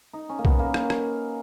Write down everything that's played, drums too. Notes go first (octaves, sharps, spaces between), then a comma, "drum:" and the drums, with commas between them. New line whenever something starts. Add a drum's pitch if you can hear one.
D#4
C#4
A#3
B3, drum: kick B1
A#3
A#3, drum: rim click
drum: rim click